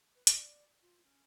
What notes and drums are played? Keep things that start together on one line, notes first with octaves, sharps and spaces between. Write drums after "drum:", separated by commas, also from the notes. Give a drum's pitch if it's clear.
B4
D5, drum: hi-hat
F4
C#4